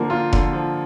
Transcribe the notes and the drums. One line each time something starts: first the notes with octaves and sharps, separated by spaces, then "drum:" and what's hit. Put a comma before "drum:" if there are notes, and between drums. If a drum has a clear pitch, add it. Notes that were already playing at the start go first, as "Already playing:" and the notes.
Already playing: D3 F3 A#3
F4
D3, drum: kick F1
F3